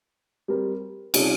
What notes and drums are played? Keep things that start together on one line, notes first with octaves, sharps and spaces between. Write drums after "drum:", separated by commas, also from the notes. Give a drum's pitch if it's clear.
G3 C4 G4 A#4
C3 G3 C#4 F4, drum: cymbal